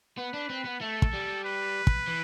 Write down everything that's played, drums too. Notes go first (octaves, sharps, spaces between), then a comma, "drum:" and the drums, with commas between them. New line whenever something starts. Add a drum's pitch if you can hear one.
B3 B4
D4
C4
B3
A3 A4
drum: kick
G3
B4
drum: kick
E3